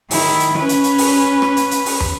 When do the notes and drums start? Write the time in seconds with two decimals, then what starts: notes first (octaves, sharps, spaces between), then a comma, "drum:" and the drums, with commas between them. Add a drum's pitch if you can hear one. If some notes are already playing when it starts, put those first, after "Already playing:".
0.11 D#3 E4, drum: open hi-hat
0.40 drum: hi-hat
0.57 C#4 B4
0.69 drum: hi-hat
0.84 drum: hi-hat
0.98 drum: open hi-hat
1.42 drum: rim click
1.57 drum: hi-hat
1.71 drum: hi-hat
1.86 drum: open hi-hat
2.00 drum: tom